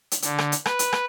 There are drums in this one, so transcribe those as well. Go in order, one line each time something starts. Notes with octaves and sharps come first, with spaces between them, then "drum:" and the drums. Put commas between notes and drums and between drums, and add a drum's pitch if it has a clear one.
drum: hi-hat
D3, drum: hi-hat
drum: rim click
drum: hi-hat
B4, drum: rim click
drum: hi-hat
drum: rim click